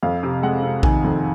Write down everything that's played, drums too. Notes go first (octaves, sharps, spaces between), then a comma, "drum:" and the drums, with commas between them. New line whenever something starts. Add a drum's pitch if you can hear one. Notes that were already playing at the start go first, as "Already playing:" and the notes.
F2 F5
C3
G#3 F#5
C3
D#3 G#5, drum: kick A#1
F2